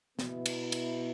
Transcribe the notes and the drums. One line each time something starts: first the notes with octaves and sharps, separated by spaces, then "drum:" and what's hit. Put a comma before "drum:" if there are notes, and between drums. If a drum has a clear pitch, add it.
B2 B3 E4, drum: snare
drum: cymbal
drum: cymbal